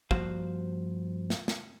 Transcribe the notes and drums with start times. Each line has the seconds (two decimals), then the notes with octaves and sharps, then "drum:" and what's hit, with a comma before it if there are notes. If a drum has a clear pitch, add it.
0.11 G2 F3 A#3 F#4 C5 F5, drum: kick
1.30 drum: snare
1.48 drum: snare